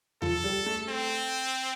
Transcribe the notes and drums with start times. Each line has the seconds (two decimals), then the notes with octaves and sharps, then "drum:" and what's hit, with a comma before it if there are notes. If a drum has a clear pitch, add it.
0.22 F3 A4, drum: tom D#2
0.44 G3
0.66 A3
0.89 C4